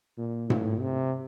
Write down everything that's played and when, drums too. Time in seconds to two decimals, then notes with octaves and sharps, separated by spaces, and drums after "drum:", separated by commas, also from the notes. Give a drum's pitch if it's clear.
0.18 A#2
0.50 A2, drum: tom G#2
0.81 C3